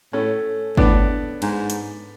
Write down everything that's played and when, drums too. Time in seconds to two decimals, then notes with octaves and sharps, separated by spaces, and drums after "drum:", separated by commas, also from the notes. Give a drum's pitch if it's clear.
0.13 A2 A3 C#4
0.77 A2 B3 D4, drum: kick
1.42 G#2, drum: cymbal
1.70 drum: hi-hat